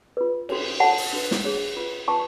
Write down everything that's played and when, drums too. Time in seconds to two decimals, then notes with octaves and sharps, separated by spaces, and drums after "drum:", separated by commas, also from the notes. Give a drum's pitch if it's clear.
0.17 F4 B4
0.49 F#4 A4 C#5, drum: cymbal
0.80 F4 A4 C#5 F#5 A5
0.98 drum: open hi-hat
1.13 D4 F#4 B4
1.31 drum: snare
1.44 D4 G#4 C#5
1.76 F4 B4
2.08 F4 B4 A5 C#6